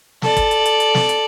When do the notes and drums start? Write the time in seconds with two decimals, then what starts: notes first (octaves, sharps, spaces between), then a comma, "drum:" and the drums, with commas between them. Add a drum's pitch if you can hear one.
0.22 A4 D5, drum: snare
0.37 drum: kick, hi-hat
0.51 drum: hi-hat
0.66 drum: hi-hat
0.80 drum: hi-hat
0.95 drum: snare
1.09 drum: hi-hat